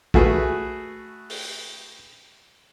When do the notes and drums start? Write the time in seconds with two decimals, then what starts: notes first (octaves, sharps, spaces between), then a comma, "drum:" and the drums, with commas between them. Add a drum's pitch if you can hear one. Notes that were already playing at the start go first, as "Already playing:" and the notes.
0.14 A3 F#4 G#4 B4, drum: kick
1.30 drum: open hi-hat